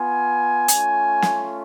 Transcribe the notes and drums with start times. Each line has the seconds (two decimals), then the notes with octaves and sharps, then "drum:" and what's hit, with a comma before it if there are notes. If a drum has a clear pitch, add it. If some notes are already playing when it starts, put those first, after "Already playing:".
Already playing: B3 F4 G#5
0.68 A3 C#4 F4, drum: hi-hat
1.22 drum: snare